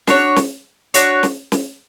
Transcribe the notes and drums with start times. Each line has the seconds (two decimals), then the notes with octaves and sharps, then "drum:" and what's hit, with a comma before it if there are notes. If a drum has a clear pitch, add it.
0.07 D4 F#4 C#5, drum: snare
0.36 drum: snare
0.94 D4 F#4 C#5, drum: hi-hat
1.23 drum: snare
1.52 drum: snare